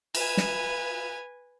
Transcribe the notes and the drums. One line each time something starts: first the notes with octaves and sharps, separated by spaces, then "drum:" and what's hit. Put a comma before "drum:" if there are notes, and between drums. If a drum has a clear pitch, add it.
B4 G#5, drum: cymbal
drum: snare